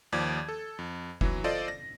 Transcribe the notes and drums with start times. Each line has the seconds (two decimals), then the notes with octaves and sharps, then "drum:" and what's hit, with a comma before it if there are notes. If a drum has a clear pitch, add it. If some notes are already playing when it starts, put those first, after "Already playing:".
0.12 D#2 F3 D5 D6 G#6
0.48 A4
0.79 F2
1.21 E3 F#3, drum: kick F1
1.44 F4 A4 C5 D5 D#5
1.68 A#6